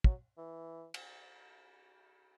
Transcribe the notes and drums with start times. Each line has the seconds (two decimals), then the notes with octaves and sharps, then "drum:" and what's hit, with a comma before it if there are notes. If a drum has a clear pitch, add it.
0.04 F#3, drum: kick
0.38 E3
0.94 drum: cymbal